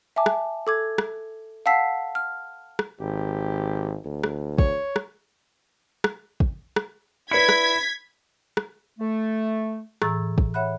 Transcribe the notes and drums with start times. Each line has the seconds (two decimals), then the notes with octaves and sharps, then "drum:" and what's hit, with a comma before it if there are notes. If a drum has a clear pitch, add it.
0.16 E5 G#5 A5 D6
0.26 drum: rim click
0.67 A4 D6 G#6
0.98 drum: rim click
1.66 F5 F#5 A5 E6 B6 C7
2.15 F6
2.79 drum: rim click
3.00 G#1 G4
4.05 D2
4.24 drum: rim click
4.58 C#5, drum: kick
4.96 drum: rim click
6.04 drum: rim click
6.40 drum: kick
6.76 drum: rim click
7.31 E4 B4 D5 G#6 B6 C#7
7.49 drum: rim click
8.57 drum: rim click
8.99 A3
10.02 A2 E3 G#4 A#5 E6 A6, drum: rim click
10.38 drum: kick
10.54 C#5 E5 F#5 B5 F#6